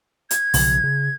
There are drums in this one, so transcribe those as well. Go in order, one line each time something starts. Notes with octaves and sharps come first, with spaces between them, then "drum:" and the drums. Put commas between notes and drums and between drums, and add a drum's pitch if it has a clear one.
G#6, drum: hi-hat
B1 C#3 F3, drum: open hi-hat
C#3